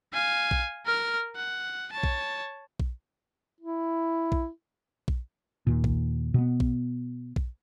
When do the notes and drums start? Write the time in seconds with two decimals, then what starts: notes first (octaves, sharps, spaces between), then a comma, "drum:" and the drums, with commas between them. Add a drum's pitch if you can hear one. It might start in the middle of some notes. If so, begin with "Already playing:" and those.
0.13 F5 G#5
0.51 drum: kick A#1
0.85 A#4 F6
1.36 F#5
1.92 C#5 A5
2.03 drum: kick A#1
2.80 drum: kick A#1
3.61 E4
4.32 drum: kick A#1
5.08 drum: kick A#1
5.67 D#2 A#2
5.84 drum: kick A#1
6.34 B2 B3
6.60 drum: kick A#1
7.36 drum: kick A#1